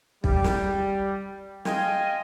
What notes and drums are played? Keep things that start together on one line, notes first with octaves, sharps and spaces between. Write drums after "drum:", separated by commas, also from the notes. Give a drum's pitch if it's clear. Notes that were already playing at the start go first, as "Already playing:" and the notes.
G3, drum: kick
drum: snare
D#5 F5 G5 G#5 C6, drum: snare